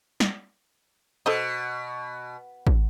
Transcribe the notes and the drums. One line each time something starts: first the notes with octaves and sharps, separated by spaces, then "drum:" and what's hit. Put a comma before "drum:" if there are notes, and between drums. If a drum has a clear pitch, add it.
drum: snare
B2 A4 C5 D#5
drum: kick